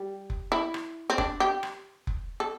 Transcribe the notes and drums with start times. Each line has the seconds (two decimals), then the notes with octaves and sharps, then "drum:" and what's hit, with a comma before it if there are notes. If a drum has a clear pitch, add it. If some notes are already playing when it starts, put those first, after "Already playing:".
Already playing: G3
0.30 drum: kick F1
0.52 E4
0.74 drum: rim click
1.10 C4
1.18 D4, drum: kick F1
1.40 G4
1.63 drum: rim click
2.07 drum: kick F1
2.40 A4